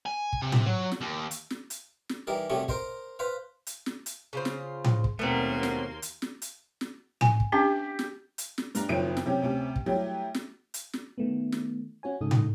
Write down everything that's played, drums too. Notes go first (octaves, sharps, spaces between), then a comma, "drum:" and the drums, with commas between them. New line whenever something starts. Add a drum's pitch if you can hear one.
G#5
drum: kick
C3
drum: tom A2
F#3
drum: snare
D#2
drum: hi-hat
drum: snare
drum: hi-hat
drum: snare
E3 G3 D#4 A#4
C2 F#2 G3 A3 C#4 C#6
A#4 C5 D#5, drum: kick
B4 C5 F5
drum: hi-hat
drum: snare
drum: hi-hat
C#3 F4 C5
drum: snare
drum: tom A2
drum: kick
D#2 B2 F#3 A3 A#3 C4 C6
drum: snare
drum: hi-hat
drum: snare
drum: hi-hat
drum: snare
G#5, drum: tom A2
drum: kick
C#4 D4 G4
drum: snare
drum: hi-hat
drum: snare
G2 D4 A#5, drum: hi-hat
F#1 F2 D#3 F#3 D7
drum: snare
C3 F#3 C#4 G4
D2 C3 C#4
drum: kick
F#3 G3 A3 E4 G4
drum: snare
drum: hi-hat
drum: snare
D#3 A3 B3
drum: snare
C#4 F#4 C#5 G#5
G#2 C#3 D#4 A4 D#6
drum: tom A2